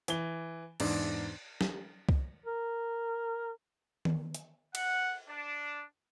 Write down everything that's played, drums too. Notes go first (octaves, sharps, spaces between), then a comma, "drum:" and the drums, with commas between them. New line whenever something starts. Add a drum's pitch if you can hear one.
E3 G7, drum: hi-hat
E2 G#2 D4 D5, drum: cymbal
drum: snare
drum: kick C2
A#4
drum: tom D#3
drum: hi-hat
F#5, drum: cymbal
D4